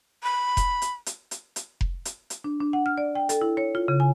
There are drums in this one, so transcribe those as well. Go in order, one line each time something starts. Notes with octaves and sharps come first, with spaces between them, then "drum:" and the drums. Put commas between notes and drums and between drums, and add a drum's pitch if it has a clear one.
B5
drum: kick F1, hi-hat
drum: hi-hat
drum: hi-hat
drum: hi-hat
drum: hi-hat
drum: kick F1
drum: hi-hat
drum: hi-hat
D4
D4
F#5
F6
D5
G5
A4, drum: hi-hat
E4
C#5
F4
C#3
G#5